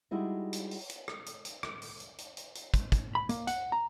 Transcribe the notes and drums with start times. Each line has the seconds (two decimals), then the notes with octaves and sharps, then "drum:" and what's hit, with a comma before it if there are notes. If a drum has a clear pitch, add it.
0.11 G3 G#3 D#4 E4 F#4
0.53 drum: hi-hat
0.71 drum: open hi-hat
0.89 drum: hi-hat
1.08 drum: rim click
1.26 drum: hi-hat
1.45 drum: hi-hat
1.63 drum: rim click
1.82 drum: open hi-hat
2.00 drum: hi-hat
2.18 drum: hi-hat
2.37 drum: hi-hat
2.55 drum: hi-hat
2.74 drum: kick, hi-hat
2.92 drum: kick, hi-hat
3.15 B5
3.29 A#3, drum: hi-hat
3.47 F#5, drum: hi-hat
3.72 A#5